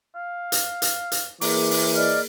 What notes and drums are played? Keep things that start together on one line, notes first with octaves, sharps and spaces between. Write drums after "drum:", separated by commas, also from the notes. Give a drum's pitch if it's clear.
F5
drum: hi-hat
drum: hi-hat
drum: hi-hat
E3 A#3 G#4 A#4 D6, drum: open hi-hat
drum: open hi-hat
D5 D#5 F6